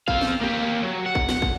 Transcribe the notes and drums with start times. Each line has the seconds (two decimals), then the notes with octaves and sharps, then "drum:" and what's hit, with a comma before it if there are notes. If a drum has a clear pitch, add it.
0.08 C4 F5, drum: kick
0.21 drum: snare
0.41 A#3 G4
0.83 F#3
1.06 F#5
1.15 drum: kick
1.29 drum: snare
1.42 drum: kick